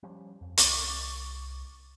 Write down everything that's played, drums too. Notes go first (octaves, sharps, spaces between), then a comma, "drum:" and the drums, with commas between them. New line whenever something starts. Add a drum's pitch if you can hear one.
F3 G3 C#4
F2
C2 C#6 D6 A6, drum: hi-hat